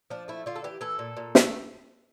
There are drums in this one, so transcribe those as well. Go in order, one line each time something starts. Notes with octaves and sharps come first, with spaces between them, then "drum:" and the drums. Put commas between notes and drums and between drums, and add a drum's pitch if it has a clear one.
F3 D4
A3 E4
D3 F4
A4
E3 G4
E3 A4
A#2
A#2
A3, drum: snare